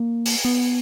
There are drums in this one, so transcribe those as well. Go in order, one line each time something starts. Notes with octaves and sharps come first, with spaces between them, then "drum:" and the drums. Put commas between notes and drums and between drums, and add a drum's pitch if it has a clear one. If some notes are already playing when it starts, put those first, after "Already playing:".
Already playing: A#3
drum: open hi-hat
B3